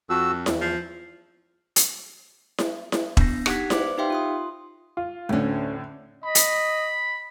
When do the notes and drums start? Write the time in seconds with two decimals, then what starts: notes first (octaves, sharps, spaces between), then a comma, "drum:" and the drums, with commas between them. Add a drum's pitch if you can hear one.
0.10 F2 F#4 E6
0.46 E2, drum: snare E4
0.61 F3
1.76 drum: hi-hat
2.58 drum: snare E4
2.92 drum: snare E4
3.17 B3 D4 A#6, drum: kick E1
3.46 D#4 G4 F#5 F#6 G#6 B6, drum: rim click
3.70 B4 C5 D5 D6, drum: snare E4
3.98 D#4 G4 E5 F5 G5 C6
4.10 F4 C6 D#6
4.97 F4
5.29 D2 A2 D3 C#4
6.24 D#5 B5
6.35 drum: hi-hat